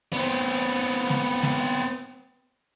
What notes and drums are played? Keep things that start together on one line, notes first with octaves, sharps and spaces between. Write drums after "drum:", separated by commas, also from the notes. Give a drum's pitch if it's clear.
B3 C4, drum: hi-hat
drum: snare G#3
drum: snare G#3